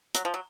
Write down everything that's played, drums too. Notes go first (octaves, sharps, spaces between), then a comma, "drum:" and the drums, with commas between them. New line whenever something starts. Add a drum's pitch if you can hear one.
F#3, drum: hi-hat
F3
F#3